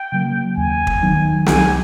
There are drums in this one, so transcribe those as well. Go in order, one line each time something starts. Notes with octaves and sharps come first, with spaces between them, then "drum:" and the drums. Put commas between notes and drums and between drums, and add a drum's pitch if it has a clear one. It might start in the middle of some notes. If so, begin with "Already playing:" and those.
Already playing: G5
C#3 F#3 A#3
D#2 G#5
drum: kick
D#3 F#3 B3 D#4
C2 G#5, drum: snare